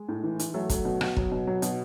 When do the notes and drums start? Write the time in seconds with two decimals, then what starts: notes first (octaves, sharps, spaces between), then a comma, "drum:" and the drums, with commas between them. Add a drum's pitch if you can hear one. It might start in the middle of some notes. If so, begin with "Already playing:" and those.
Already playing: G#3 G#4
0.09 A2
0.24 E3
0.39 E3, drum: hi-hat
0.54 F#3 A3 A4
0.70 F#3, drum: kick, hi-hat
0.85 B2
1.01 B2, drum: rim click
1.17 F#3, drum: kick
1.31 B2
1.47 F#3
1.62 B2, drum: hi-hat